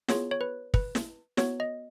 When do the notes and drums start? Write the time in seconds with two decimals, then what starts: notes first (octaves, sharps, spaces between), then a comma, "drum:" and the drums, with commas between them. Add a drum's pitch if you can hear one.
0.08 B3 F4 G#4 C#5, drum: snare
0.31 C#5
0.41 B4
0.74 B4, drum: kick
0.95 drum: snare
1.37 B3 F#4 C#5, drum: snare
1.60 D#5